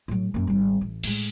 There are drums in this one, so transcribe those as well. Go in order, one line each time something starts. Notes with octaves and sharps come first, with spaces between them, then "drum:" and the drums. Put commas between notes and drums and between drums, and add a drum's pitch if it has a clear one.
A2 F#3
F#2 A#3
G#1 G3
A1
A2 G#3, drum: cymbal